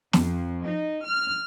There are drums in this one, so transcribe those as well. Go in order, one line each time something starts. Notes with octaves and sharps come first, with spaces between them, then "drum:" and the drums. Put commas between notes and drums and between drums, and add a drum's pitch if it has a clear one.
F2, drum: snare
D#4
F6